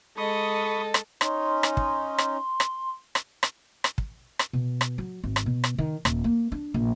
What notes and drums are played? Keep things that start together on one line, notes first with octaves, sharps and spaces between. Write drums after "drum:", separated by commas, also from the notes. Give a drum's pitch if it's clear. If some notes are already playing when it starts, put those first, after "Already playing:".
G#3 A4 D#5 B5 C#6 D#6
drum: rim click
C#4 D#4 C6, drum: rim click
drum: rim click
drum: kick
drum: rim click
drum: rim click
drum: rim click
drum: rim click
drum: rim click
drum: kick
drum: rim click
B2
drum: rim click
F#3
G#1
drum: rim click
B2
drum: rim click
D#3
D#1, drum: rim click
A#3
D4
A#1